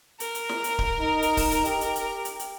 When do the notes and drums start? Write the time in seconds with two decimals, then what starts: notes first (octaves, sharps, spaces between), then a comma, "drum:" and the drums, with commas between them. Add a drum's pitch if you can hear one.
0.20 A#4, drum: hi-hat
0.35 drum: hi-hat
0.49 drum: snare
0.64 drum: hi-hat
0.79 drum: kick D1
1.00 D#4
1.22 drum: hi-hat
1.37 drum: kick D1, open hi-hat
1.52 drum: hi-hat
1.65 G4, drum: hi-hat
1.81 drum: hi-hat
1.96 drum: hi-hat
2.25 drum: hi-hat
2.39 drum: hi-hat